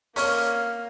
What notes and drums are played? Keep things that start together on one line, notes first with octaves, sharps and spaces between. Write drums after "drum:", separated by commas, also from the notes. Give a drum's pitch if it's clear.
A#3 C#4 C#5, drum: open hi-hat